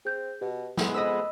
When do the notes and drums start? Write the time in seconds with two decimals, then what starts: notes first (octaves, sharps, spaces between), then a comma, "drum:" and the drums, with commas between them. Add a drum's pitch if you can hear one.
0.05 C4 G#4 G6
0.41 B2 G4
0.77 E3 G#3 B3, drum: snare
0.94 F2 D#5 B5 E6